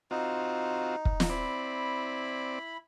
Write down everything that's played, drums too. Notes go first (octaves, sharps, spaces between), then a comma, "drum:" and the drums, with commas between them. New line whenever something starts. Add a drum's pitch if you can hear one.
C4 D#4 F4 F#4
drum: kick
drum: snare
C4 E4 D5 B5